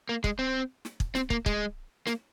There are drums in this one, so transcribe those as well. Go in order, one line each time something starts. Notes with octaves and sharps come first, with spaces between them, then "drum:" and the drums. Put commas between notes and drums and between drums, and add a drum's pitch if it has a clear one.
A#3
G#3, drum: kick
C4
drum: snare
drum: kick
C4, drum: snare
A#3, drum: kick
G#3, drum: kick
A#3, drum: snare